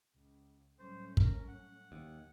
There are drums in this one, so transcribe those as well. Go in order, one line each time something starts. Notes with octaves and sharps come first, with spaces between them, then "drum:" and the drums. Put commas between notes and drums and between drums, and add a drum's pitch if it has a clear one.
C#2
A2 F#3 G3 A3 C#4 C5
A#4, drum: kick
F#5
D#2